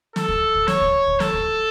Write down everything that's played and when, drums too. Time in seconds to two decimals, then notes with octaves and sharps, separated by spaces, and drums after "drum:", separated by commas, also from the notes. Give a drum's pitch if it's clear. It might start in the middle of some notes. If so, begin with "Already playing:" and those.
0.16 A4, drum: snare
0.28 drum: kick C#2
0.55 drum: kick C#2
0.68 C#5, drum: snare
0.81 drum: kick C#2
1.07 drum: kick C#2
1.20 A4, drum: snare
1.33 drum: kick C#2